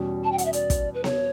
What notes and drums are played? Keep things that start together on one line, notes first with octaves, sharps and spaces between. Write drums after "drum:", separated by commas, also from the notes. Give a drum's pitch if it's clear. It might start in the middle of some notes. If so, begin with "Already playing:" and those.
Already playing: E2 B2 G3 C#4
A5
G5
F#5, drum: hi-hat
E5
D5, drum: hi-hat
drum: kick, hi-hat
B4
C#5, drum: snare B3